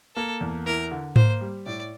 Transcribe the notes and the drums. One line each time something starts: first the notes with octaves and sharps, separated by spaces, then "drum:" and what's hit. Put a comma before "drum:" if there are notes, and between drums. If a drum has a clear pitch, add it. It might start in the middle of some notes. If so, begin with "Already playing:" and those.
A#3 A4
E2
E4 A#4
D3
A#3 C5, drum: tom G#2
G3
A2 D5